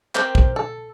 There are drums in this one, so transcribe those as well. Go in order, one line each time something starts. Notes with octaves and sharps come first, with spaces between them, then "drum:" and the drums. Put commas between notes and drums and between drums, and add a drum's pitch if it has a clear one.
C4 G4 A#4 C5, drum: clap
drum: kick
A4